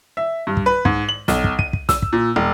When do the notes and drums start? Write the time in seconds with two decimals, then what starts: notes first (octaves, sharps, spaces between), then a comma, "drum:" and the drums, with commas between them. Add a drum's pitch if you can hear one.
0.17 E5
0.47 G2
0.57 drum: kick
0.66 B4
0.85 G#2, drum: kick
1.09 F#7
1.28 B1, drum: snare
1.44 drum: kick
1.59 D#7, drum: kick
1.73 drum: kick
1.89 E6, drum: snare
2.02 drum: kick
2.13 A#2
2.36 E1